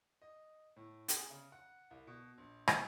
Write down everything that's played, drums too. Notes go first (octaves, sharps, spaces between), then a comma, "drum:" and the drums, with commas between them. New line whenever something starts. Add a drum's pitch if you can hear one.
D#5
A2
G#4, drum: hi-hat
C#3
F#5
C2
B2
A#1
F#3, drum: rim click